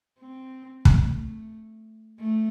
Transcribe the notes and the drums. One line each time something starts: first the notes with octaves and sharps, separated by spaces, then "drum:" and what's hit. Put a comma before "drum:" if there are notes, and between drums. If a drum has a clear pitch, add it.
C4
A3, drum: kick
A3